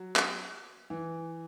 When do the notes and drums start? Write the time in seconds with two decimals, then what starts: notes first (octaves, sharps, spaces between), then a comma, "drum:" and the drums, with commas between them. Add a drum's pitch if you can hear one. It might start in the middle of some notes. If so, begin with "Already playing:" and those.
Already playing: F#3
0.16 drum: clap
0.90 E3